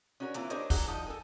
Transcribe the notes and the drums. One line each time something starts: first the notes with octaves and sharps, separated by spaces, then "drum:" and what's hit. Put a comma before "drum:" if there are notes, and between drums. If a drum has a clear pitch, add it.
C#4 D4 F#4 A4 A#4 C#5
E3 A#3 C4 E4 F4, drum: hi-hat
D4 G4 A#4 C5 C#5 D#5, drum: hi-hat
F#3 F#4 G#4, drum: kick, open hi-hat
F3 D#4
A4 A#4 G#5